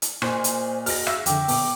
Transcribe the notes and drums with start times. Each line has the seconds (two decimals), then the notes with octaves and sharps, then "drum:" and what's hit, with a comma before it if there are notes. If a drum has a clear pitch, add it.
0.02 drum: hi-hat
0.22 A#2 G#4 C5 D#5 G#5 C6 C#6, drum: rim click
0.44 drum: hi-hat
0.86 D#4 F#4 G#4 F6 A#6, drum: open hi-hat
1.07 E5 F5 E6, drum: rim click
1.26 F2 D3 G5 C#6 D6, drum: hi-hat
1.48 A#2 B3, drum: open hi-hat